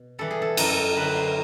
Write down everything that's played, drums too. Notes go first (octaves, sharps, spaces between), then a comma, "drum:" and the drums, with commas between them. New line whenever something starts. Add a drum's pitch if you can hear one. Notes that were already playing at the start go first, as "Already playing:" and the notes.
Already playing: B2
E3 G3 A4
G#4
A4
F#2 A#4, drum: cymbal
A4
A#4
D3 F#3 B4
C5
A#4